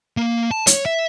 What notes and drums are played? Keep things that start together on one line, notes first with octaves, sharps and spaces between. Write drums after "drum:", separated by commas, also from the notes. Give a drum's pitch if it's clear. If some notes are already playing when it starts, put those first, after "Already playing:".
A#3
A5
C#5, drum: hi-hat
E5